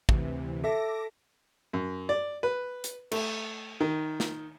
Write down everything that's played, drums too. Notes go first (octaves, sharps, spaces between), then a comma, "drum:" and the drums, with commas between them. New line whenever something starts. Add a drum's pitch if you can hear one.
D2 C3 E3, drum: kick
A4 E5 D6 A#6
F#2
D5
B4
drum: hi-hat
A3, drum: cymbal
D#3
drum: snare